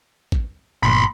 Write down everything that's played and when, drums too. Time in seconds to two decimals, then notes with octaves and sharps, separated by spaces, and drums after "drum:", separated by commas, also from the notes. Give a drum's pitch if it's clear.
0.32 drum: kick A1
0.83 G1 A#2 B5 C6